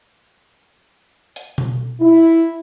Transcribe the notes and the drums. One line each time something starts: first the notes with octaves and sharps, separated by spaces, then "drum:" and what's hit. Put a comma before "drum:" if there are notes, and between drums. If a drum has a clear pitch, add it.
drum: hi-hat
drum: tom B2
E4